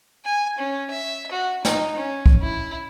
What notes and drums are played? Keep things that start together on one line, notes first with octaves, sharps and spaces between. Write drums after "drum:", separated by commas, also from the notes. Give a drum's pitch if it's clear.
G#5
C#4
E5
F#4
D#4, drum: snare
C#4
drum: kick
E4